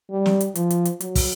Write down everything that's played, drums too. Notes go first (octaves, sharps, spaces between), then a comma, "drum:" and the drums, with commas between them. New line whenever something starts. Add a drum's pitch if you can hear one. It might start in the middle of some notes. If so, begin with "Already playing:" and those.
G3
drum: snare
drum: hi-hat
F3, drum: hi-hat
drum: hi-hat
drum: hi-hat
F#3, drum: hi-hat
drum: kick, open hi-hat